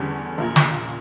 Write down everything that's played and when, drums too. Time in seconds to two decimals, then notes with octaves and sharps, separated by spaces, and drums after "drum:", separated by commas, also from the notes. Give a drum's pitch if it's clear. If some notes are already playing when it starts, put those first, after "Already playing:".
Already playing: E2 D3 G3 C#4
0.38 A#1 A#2 A#3
0.56 drum: snare